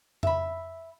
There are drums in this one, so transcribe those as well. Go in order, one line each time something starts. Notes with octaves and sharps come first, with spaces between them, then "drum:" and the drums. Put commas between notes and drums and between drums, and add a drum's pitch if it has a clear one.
E5 B5, drum: tom F2